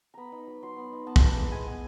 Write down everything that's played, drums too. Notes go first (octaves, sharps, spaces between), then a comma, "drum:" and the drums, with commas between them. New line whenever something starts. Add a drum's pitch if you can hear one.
B3 A#5 B5
D#4
F#3
F#3 C6
B3
D#4
B3 A5
G#5, drum: kick
E4 A5
G#3
G#3 G#5
B3